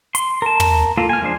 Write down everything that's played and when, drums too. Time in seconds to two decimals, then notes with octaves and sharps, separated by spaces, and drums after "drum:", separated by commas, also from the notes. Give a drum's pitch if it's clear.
0.15 C6, drum: hi-hat
0.42 A#4 A5
0.60 drum: tom
0.97 A#3 F4 A4
1.09 G#5 F6
1.22 F3 G#3 D4 C5